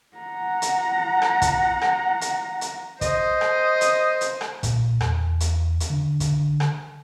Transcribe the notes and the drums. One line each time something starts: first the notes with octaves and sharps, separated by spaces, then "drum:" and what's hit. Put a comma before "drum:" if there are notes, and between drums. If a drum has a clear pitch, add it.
F#5 A#5
drum: hi-hat
drum: rim click
drum: kick, hi-hat
drum: rim click
drum: hi-hat
drum: hi-hat
C5 D#5, drum: kick, hi-hat
drum: rim click
drum: hi-hat
drum: hi-hat
drum: rim click
A#2, drum: kick, hi-hat
E2, drum: rim click
drum: hi-hat
drum: hi-hat
D3
drum: kick, hi-hat
drum: rim click